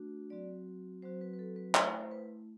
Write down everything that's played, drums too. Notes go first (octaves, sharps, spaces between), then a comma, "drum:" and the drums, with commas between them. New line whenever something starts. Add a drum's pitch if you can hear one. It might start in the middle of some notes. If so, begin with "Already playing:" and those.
Already playing: A3 D4 F#4
F#3 C4 F#4 D5
F#3 C4 F#4 C5
B4
B4
A4
B4
A3 E4 C5, drum: clap
C5
B4